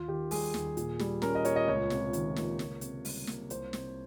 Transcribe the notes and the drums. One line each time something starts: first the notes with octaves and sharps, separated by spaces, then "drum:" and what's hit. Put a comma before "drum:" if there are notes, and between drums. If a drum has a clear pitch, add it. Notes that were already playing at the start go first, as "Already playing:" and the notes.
Already playing: D#2 F4
D#3 G4
G3 G#4, drum: open hi-hat
D#2, drum: snare
A#2, drum: hi-hat
G3, drum: snare
C#4 A#4, drum: snare
D#5
A#2 C#5, drum: hi-hat
D#5
C#2 C#5
C3, drum: snare
D#3, drum: hi-hat
A#3, drum: snare
C#2, drum: snare
C3, drum: hi-hat
G3, drum: open hi-hat
A#3, drum: snare
C2 C5, drum: hi-hat
C3, drum: snare